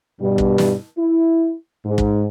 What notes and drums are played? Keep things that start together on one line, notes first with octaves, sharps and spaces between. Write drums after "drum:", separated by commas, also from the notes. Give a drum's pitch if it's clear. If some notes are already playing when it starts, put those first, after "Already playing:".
G2 B2 G3
drum: kick
drum: snare
E4
G#2
drum: kick